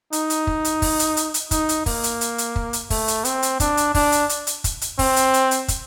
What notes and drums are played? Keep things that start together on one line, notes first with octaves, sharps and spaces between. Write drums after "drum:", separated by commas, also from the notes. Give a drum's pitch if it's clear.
D#4, drum: hi-hat
drum: hi-hat
drum: kick
drum: hi-hat
drum: kick, open hi-hat
drum: hi-hat
drum: hi-hat
drum: hi-hat
D#4, drum: kick, hi-hat
drum: hi-hat
A#3, drum: kick, open hi-hat
drum: hi-hat
drum: hi-hat
drum: hi-hat
drum: kick
drum: hi-hat
A3, drum: kick, open hi-hat
drum: hi-hat
C4, drum: hi-hat
drum: hi-hat
D4, drum: kick, hi-hat
drum: hi-hat
D4, drum: kick, open hi-hat
drum: hi-hat
drum: hi-hat
drum: hi-hat
drum: kick, hi-hat
drum: hi-hat
C4, drum: kick, open hi-hat
drum: hi-hat
drum: hi-hat
drum: hi-hat
drum: kick, hi-hat